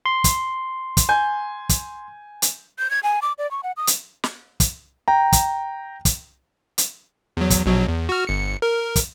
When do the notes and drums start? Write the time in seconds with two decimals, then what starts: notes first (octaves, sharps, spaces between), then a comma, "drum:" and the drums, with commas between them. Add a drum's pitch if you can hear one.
0.06 C6
0.24 drum: kick, hi-hat
0.97 drum: kick, hi-hat
1.09 G#5 G6
1.69 drum: kick, hi-hat
2.42 drum: hi-hat
2.79 G6
2.90 G#6
3.03 G#5
3.22 D6
3.38 D5
3.51 C#6
3.63 F#5
3.77 D#6
3.87 drum: hi-hat
4.24 drum: snare
4.60 drum: kick, hi-hat
5.08 G5 A#5
5.32 drum: kick, hi-hat
6.05 drum: kick, hi-hat
6.78 drum: hi-hat
7.37 E2 F#3
7.50 drum: kick, hi-hat
7.66 A#1 B2 F#3
7.88 E2
8.09 F#4 F6
8.27 G1 C#7
8.62 A#4
8.96 drum: kick, hi-hat